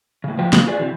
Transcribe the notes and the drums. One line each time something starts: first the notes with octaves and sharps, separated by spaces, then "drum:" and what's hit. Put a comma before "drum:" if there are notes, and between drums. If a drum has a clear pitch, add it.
A2 C#3
A2 F3 F4 F#4 B4 G5
A#3, drum: snare
F4 F#4 G#4 B4 D5
C3 E3